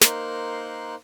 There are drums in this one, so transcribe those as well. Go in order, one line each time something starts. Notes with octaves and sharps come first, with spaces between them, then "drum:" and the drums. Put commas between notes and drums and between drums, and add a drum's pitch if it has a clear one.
A#3 D#4 A#4 C5 C6 F#6, drum: snare